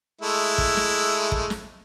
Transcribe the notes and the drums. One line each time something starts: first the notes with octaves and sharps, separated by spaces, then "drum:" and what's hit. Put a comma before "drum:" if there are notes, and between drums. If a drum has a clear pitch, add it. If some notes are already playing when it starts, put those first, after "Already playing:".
G#3 A3 E4
drum: kick
drum: snare
drum: kick
drum: snare